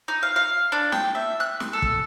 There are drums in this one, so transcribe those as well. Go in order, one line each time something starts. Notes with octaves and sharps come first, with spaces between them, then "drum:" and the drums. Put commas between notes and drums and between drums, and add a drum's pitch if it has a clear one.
D#4
F5
F5
D4
G5, drum: snare
E5
F#6
drum: snare
A4
drum: kick